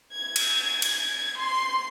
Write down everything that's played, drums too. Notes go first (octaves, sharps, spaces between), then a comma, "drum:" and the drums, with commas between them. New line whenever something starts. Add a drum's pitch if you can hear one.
G#6
drum: cymbal
drum: cymbal
C6